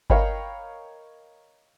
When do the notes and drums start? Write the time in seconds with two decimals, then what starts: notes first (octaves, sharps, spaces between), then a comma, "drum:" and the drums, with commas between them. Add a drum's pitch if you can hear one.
0.10 A#4 C#5 D#5 F5 G5 B5, drum: kick G1